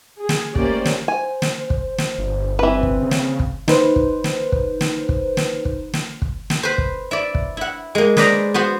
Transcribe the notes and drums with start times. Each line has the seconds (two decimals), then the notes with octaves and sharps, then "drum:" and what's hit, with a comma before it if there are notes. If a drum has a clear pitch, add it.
0.19 G#4
0.29 drum: snare
0.55 A3 A#3 C#4 G4 C5 D5, drum: kick
0.85 drum: snare
1.08 C5 G#5
1.42 drum: snare
1.70 drum: kick
1.98 drum: snare
2.18 G1
2.59 E3 C4 B4
2.83 drum: kick
3.02 C#3
3.11 drum: snare
3.39 drum: kick
3.68 D#4 B4 C5, drum: snare
3.96 drum: kick
4.24 drum: snare
4.52 drum: kick
4.81 drum: snare
5.09 drum: kick
5.37 drum: snare
5.65 drum: kick
5.93 drum: snare
6.22 drum: kick
6.50 drum: snare
6.63 B4 C5
6.78 drum: kick
7.11 E4 D5
7.35 drum: kick
7.57 E4 F#5
7.95 G#3 A#3
8.17 G#4 B4 C5 D5 A#5, drum: snare
8.54 B3 F#4 C5